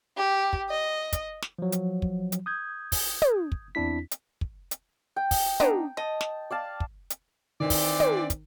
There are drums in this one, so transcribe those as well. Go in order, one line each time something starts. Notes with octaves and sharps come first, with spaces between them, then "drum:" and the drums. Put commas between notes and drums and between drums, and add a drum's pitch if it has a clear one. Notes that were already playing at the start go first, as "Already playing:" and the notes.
G4
drum: kick
D#5
drum: kick, hi-hat
drum: snare
F3 F#3
drum: hi-hat
drum: kick
drum: hi-hat
D#6 G6 G#6
drum: kick, open hi-hat
drum: tom
drum: kick
E2 C4 D4 E4 B6
drum: hi-hat
drum: kick
drum: hi-hat
G5
drum: kick, open hi-hat
B3 D4 D#4, drum: tom
D#5 A5
drum: snare
D5 F5 A5
drum: kick
drum: hi-hat
D#3 E3 C4 D5
drum: kick, open hi-hat
drum: tom
drum: kick, hi-hat